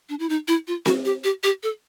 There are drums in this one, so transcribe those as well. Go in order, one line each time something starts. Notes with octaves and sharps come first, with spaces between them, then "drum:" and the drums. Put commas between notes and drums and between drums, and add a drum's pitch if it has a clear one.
D4
E4
D#4
E4
F4
F#4, drum: snare C4
G4
G4
G4
A4